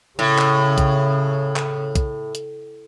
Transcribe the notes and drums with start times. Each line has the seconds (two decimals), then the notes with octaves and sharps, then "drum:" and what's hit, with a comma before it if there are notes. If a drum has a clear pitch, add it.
0.19 A2 C#3
0.38 drum: clap
0.78 drum: kick, hi-hat
1.56 drum: clap
1.95 drum: kick, hi-hat
2.35 drum: hi-hat